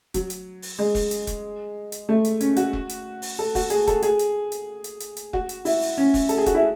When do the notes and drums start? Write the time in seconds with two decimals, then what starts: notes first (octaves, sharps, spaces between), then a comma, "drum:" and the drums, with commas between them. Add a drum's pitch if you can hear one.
0.14 F#3, drum: kick E1, hi-hat
0.30 drum: hi-hat
0.62 drum: open hi-hat
0.79 G#3
0.95 drum: kick E1, open hi-hat
1.11 drum: hi-hat
1.27 drum: kick E1, hi-hat
1.92 drum: hi-hat
2.09 A3
2.25 drum: hi-hat
2.41 C#4, drum: hi-hat
2.56 F#4, drum: hi-hat
2.73 drum: kick E1
2.89 drum: hi-hat
3.22 drum: open hi-hat
3.39 A4
3.55 F#4, drum: kick E1, open hi-hat
3.70 G#4, drum: hi-hat
3.87 A4, drum: kick E1, hi-hat
4.02 G#4, drum: hi-hat
4.19 drum: hi-hat
4.52 drum: hi-hat
4.84 drum: hi-hat
5.00 drum: hi-hat
5.17 drum: hi-hat
5.33 F#4, drum: kick E1
5.49 drum: hi-hat
5.65 E4, drum: open hi-hat
5.81 drum: open hi-hat
5.98 C#4
6.14 drum: kick E1, open hi-hat
6.29 A4, drum: hi-hat
6.37 G#4
6.46 F#4, drum: kick E1, hi-hat
6.55 E4